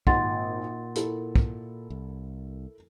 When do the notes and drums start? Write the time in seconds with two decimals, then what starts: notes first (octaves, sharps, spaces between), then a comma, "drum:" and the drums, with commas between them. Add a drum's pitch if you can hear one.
0.07 G#1 A#2 F#5 C6 A6, drum: kick
0.95 E4 A4 A#4, drum: hi-hat
1.36 drum: kick
1.90 C2